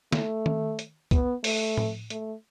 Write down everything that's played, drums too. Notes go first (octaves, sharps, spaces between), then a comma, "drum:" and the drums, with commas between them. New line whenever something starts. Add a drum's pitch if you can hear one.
A3, drum: snare
drum: tom D#3
drum: hi-hat
B3, drum: kick C2, hi-hat
A3, drum: open hi-hat
drum: tom A2
A3, drum: hi-hat